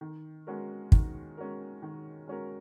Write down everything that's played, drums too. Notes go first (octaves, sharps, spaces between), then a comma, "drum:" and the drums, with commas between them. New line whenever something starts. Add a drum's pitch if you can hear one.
D#3
G#3 C#4 F#4 A#4
D#3, drum: kick
G#3 C#4 F#4 A#4
D#3
G#3 C#4 F#4 A#4